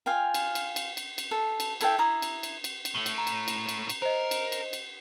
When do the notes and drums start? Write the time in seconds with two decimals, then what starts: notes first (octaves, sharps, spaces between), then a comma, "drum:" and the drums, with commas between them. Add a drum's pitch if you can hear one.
0.06 F4 F5 G5 G#5
0.34 drum: cymbal
0.55 drum: cymbal
0.76 drum: cymbal
0.97 drum: cymbal
1.18 drum: cymbal
1.31 A4
1.60 drum: cymbal
1.81 E4 A4 E5 G5, drum: cymbal
1.98 E4 A#5 D#6
2.22 drum: cymbal
2.43 drum: cymbal
2.64 drum: cymbal
2.85 drum: cymbal
2.95 A2 A3 F#7 G7
3.06 drum: cymbal
3.18 A#5
3.27 drum: cymbal
3.48 drum: cymbal
3.69 drum: cymbal
3.89 drum: cymbal
4.02 A#4 C5 D#5
4.31 drum: cymbal
4.52 drum: cymbal
4.73 drum: cymbal